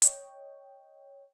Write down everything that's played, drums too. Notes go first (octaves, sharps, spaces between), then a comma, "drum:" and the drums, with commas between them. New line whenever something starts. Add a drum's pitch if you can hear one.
C#5 D#5 G5, drum: hi-hat